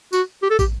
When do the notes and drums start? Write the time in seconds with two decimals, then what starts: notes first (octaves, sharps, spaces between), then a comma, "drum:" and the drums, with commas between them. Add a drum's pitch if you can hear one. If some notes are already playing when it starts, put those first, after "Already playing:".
0.13 F#4, drum: tambourine
0.43 G4
0.50 A4
0.59 G4, drum: kick, tambourine